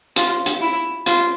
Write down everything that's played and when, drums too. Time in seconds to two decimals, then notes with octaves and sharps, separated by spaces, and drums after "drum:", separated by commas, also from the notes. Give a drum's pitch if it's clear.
0.16 F4, drum: hi-hat
0.46 drum: hi-hat
0.62 E4
1.06 F4, drum: hi-hat